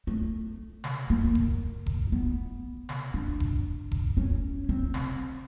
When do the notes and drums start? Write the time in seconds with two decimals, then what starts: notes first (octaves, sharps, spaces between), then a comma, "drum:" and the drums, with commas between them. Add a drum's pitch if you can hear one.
0.07 A3
0.84 drum: snare
1.10 A#3
1.35 drum: kick E1
1.86 drum: kick E1
2.07 A#3
2.12 B3
2.89 drum: snare
3.14 D4
3.40 drum: kick E1
3.91 drum: kick E1
4.17 C#4
4.69 C4
4.94 drum: snare